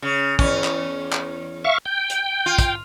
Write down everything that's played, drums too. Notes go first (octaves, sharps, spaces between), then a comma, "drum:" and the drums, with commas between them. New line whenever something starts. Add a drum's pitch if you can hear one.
C#3
E2 C#4, drum: kick
drum: clap
drum: clap
E5 F5 C#6
G5
drum: hi-hat
F4
drum: kick, hi-hat